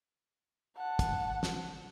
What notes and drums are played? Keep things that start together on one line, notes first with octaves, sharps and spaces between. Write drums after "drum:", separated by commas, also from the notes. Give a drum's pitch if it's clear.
F#5 A5
drum: kick, hi-hat
drum: snare